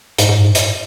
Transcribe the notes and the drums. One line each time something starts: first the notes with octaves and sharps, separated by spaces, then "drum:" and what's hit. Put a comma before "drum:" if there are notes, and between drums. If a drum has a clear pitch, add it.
G#2, drum: hi-hat
G#2
G2
A2
G#2, drum: hi-hat